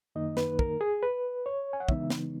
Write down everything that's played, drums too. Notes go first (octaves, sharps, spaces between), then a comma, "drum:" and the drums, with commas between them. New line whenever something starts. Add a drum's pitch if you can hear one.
F#2 D#3 A#3 D#4 D#5
B4, drum: snare
A#4, drum: kick
G#4
B4
C#5
G#5
F#5
C#3 E3 G#3 B3 D#4 E5, drum: kick
drum: snare